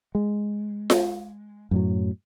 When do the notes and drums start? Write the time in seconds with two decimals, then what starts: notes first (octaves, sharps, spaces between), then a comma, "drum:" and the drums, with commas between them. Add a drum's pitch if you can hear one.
0.15 G#3
0.90 drum: snare F4
1.71 F#2 A2 F#3